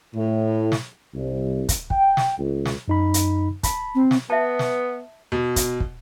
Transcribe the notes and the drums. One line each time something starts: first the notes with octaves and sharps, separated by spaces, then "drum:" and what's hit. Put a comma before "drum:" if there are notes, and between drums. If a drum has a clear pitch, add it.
A2
drum: snare
C2
drum: kick, hi-hat
G5, drum: kick
drum: snare
C#2
drum: snare
F#2 D#4 B5
drum: hi-hat
A5 B5, drum: kick, hi-hat
C4
drum: snare
B3 E5 A5
drum: snare
B2
drum: kick, hi-hat
drum: kick